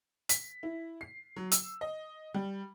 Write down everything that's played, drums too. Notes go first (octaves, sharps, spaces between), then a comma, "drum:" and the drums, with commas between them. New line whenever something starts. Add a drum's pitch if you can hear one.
B6, drum: hi-hat
E4
C7
F#3
E6, drum: hi-hat
D#5
G3